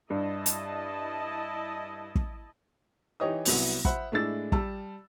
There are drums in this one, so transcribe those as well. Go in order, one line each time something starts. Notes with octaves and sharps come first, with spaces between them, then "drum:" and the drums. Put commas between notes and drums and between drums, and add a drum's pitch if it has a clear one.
G2 E4 D#5 A5
drum: hi-hat
drum: kick
E3 D#4 G4 C#5 D#5 D#6
C2 F#3 B3 E4 F7, drum: open hi-hat
C5 E5 F#5 B5, drum: kick
A2 G#3 D4 E4 E6 A6
G3 A5 E6, drum: kick